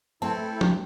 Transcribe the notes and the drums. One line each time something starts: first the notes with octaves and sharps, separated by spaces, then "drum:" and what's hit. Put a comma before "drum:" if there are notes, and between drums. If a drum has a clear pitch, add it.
A3 C4 E4 A4 A5
drum: tom F3